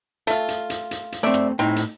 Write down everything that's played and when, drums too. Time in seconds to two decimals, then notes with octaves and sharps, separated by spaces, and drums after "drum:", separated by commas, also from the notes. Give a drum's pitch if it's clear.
0.27 A3 F4, drum: hi-hat
0.48 drum: hi-hat
0.70 drum: hi-hat
0.91 drum: hi-hat
1.12 drum: hi-hat
1.23 A3 C4 D5 E5
1.34 drum: rim click
1.59 A2 C4 D#4
1.76 drum: hi-hat